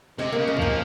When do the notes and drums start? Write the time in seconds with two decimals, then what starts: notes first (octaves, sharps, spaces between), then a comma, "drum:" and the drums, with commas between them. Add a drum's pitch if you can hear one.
0.18 C3 G#3, drum: snare
0.32 A#3
0.38 C#3
0.48 G#3
0.57 A#2 F3, drum: kick